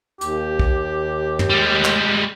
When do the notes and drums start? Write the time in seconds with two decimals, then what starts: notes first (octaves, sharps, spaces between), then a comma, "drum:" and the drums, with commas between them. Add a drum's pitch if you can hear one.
0.21 D#2 G4, drum: hi-hat
0.59 drum: kick
1.39 drum: tom
1.50 G3 G#3
1.85 drum: clap